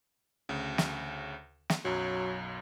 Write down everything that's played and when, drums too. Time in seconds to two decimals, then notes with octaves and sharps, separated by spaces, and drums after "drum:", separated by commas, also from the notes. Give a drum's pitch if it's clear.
0.49 D2 C#3
0.78 drum: snare
1.70 drum: snare
1.85 B1 F#2 F#3